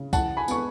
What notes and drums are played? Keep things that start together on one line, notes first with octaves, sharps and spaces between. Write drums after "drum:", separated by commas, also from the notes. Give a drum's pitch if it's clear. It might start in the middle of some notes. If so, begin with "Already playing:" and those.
Already playing: C#3
E3 F#5 A5, drum: kick, tambourine
G#5 B5
B3 C#6, drum: tambourine